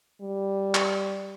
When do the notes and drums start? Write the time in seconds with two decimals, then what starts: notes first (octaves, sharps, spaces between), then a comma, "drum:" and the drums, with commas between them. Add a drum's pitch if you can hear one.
0.22 G3
0.75 drum: clap